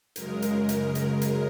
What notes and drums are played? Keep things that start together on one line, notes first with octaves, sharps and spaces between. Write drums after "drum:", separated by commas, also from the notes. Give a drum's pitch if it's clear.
F#2 C#3 G#3 A#4, drum: hi-hat
drum: hi-hat
drum: hi-hat
drum: hi-hat
drum: hi-hat